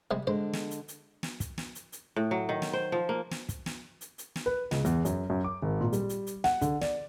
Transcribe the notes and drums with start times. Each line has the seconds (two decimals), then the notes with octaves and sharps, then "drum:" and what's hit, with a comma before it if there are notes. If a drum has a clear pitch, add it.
0.11 C3 G3 G#3
0.27 D3 G#3 C5
0.53 drum: snare
0.71 drum: hi-hat
0.88 drum: hi-hat
1.23 drum: snare
1.40 drum: kick, hi-hat
1.58 drum: snare
1.75 drum: hi-hat
1.92 drum: hi-hat
2.16 A2
2.31 F#3
2.49 D#3
2.62 drum: snare
2.73 C5
2.92 F3
3.09 A#3
3.31 drum: snare
3.49 drum: kick, hi-hat
3.66 drum: snare
4.01 drum: hi-hat
4.18 drum: hi-hat
4.36 drum: snare
4.46 B4
4.71 C#2, drum: snare
4.85 E2, drum: hi-hat
5.05 F#2, drum: hi-hat
5.30 F#2
5.44 D6
5.62 G#1
5.81 A#2
5.93 G3, drum: hi-hat
6.09 drum: hi-hat
6.27 drum: hi-hat
6.44 F#5, drum: snare
6.61 D3, drum: kick, hi-hat
6.81 D5, drum: snare